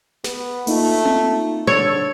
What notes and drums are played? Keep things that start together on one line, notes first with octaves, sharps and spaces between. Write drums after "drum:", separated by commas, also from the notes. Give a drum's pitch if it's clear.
B3, drum: snare
A3 A#3 D#4 F4, drum: open hi-hat
drum: tom C4
D3 C#5 E6 G#6 A6